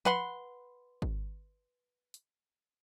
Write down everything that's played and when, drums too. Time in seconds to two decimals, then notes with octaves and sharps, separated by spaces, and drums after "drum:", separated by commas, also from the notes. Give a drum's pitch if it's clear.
0.05 B4 F#5 C6, drum: tom F3
1.02 drum: kick G#1
2.14 drum: hi-hat